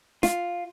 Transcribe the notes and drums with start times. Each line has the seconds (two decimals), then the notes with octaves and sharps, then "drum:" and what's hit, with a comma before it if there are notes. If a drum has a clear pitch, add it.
0.23 F4, drum: snare